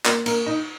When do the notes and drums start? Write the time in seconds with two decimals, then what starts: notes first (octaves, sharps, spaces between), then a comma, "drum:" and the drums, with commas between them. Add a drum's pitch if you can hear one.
0.05 A#3 A#4, drum: clap
0.26 A#3 A#4, drum: cymbal
0.46 D#4 D#5